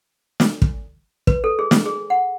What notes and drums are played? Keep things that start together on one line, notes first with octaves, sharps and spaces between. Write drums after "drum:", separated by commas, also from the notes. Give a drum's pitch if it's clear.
drum: snare
drum: kick
B4, drum: kick
A4
G#4
drum: snare
G#4
F#5